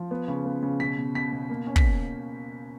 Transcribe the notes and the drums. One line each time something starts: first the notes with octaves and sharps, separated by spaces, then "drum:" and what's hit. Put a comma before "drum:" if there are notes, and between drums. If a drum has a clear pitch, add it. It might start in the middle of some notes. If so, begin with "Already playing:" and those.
Already playing: F3
B3
C#3
B3
C#3
B2 B6
B2
B2 B6
B2
A#3
C#4
B6, drum: kick